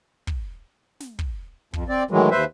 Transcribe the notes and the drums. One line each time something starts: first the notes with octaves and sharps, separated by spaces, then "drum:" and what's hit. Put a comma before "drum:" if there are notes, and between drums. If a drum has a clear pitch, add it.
drum: kick
drum: snare
drum: kick
F2, drum: kick
C4 D5
A2 D#3 E3 F#3 G#3
D#2 B4 C5 E5